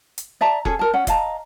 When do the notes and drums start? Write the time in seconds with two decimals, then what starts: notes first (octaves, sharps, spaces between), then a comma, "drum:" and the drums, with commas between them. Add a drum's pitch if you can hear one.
0.18 drum: hi-hat
0.41 D5 E5 A5 A#5
0.65 C#4 G#4 A4, drum: kick
0.79 A#4 A5
0.94 C#4 F#5
1.07 D#5 F5 A5 A#5, drum: kick, hi-hat